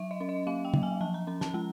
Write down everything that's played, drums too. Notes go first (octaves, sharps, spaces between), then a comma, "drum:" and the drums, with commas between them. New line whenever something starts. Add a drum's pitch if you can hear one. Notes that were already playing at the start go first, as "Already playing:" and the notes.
Already playing: F#3 E5
D#5
C#4
D#5
A#3 F5
G5
F#3, drum: tom
G#5
F3 A5
A#5
C#4 A#5
A5, drum: snare
G#3 A5